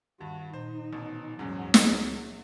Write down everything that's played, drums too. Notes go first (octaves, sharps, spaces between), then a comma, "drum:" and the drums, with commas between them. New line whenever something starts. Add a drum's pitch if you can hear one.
G2 D#3 F#4
A#2 D#4 C5
A1 B2
D#1 E2 G#2 F#3 C#4
E4 G#4, drum: snare